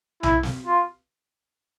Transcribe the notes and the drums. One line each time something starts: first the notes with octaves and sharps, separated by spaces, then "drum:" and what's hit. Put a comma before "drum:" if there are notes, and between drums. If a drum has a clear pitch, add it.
E4, drum: tom B1
drum: snare
F4